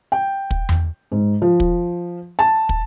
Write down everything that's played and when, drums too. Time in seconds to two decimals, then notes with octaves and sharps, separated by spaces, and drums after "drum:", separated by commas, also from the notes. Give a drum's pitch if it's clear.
0.12 G5
0.51 drum: kick
0.69 drum: tom E2
1.12 G#2
1.42 F3
1.60 drum: kick
2.39 A5
2.69 drum: kick